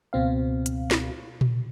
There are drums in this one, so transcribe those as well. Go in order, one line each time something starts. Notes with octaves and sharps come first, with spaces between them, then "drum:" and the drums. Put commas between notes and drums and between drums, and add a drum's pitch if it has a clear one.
C#2 B2 C4 F5
drum: hi-hat
drum: snare
drum: tom A#2